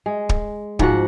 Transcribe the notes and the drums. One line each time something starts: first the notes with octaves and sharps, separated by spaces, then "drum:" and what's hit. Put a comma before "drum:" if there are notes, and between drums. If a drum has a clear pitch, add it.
G#3
drum: kick
G#2 F3 F#4 F#5, drum: kick